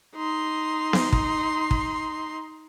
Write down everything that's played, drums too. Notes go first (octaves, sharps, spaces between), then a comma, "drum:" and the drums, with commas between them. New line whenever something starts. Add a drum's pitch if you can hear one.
D#4 C6
drum: snare B3
drum: kick
drum: kick